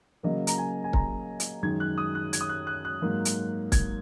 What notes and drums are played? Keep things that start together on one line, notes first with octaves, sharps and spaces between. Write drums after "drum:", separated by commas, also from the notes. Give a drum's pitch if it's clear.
C#3 F#3 A#3 D#5
A#5, drum: hi-hat
G#5
G#5
A#5, drum: kick
drum: hi-hat
F#2 D#3 G#3 G#6
F#6
D#6
F#6
G#6, drum: hi-hat
D#6
F#6
F#6
F#6
G#2 F#3 A#3
drum: hi-hat
G#6, drum: kick, hi-hat